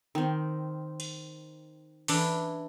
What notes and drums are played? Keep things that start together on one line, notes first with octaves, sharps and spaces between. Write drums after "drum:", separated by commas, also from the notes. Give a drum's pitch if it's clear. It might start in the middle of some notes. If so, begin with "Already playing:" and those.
D#3 C4
drum: cymbal
E3 D4 E4, drum: open hi-hat